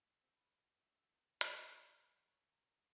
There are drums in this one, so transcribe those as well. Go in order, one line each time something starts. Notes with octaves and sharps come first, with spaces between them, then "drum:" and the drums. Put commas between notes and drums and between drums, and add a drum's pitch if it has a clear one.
C4
B4
E5
A#4
E4, drum: hi-hat
D#5
G#4
F#4
C#5
A#4